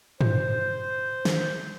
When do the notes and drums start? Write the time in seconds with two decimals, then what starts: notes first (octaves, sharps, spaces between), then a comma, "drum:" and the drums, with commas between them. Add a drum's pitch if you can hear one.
0.21 C5, drum: tom
1.25 drum: snare